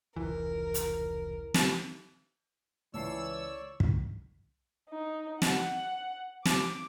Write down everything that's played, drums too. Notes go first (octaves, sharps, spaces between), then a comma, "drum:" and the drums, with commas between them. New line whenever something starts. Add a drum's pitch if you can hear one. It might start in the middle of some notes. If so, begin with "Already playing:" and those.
F1 C#2 E3 A#4
drum: hi-hat
drum: snare
C#2 E3 C#5 D5 A5 C#6 E6 C7
drum: kick
D#4
F#5, drum: snare
D6, drum: snare